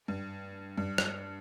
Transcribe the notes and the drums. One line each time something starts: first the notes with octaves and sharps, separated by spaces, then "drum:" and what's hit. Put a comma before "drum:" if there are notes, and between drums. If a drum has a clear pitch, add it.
G2
G2
drum: rim click